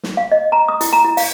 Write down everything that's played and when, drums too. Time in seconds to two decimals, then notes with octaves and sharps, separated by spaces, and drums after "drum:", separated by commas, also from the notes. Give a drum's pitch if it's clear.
0.03 drum: snare
0.17 F5
0.32 D#5
0.52 A#5
0.68 D#6
0.81 E4, drum: hi-hat
0.93 A#5
1.05 E4
1.17 F5, drum: open hi-hat